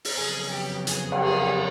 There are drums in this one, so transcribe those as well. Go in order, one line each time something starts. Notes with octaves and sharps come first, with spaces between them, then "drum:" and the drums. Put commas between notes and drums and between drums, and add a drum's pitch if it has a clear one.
drum: open hi-hat
F2 C#3 F#3 B3 G#4
G4
G#4, drum: hi-hat
drum: cymbal
G#4 A#4